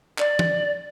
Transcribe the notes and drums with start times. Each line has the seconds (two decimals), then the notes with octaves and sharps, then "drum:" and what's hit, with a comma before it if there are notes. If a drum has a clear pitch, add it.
0.18 D5, drum: clap
0.39 drum: tom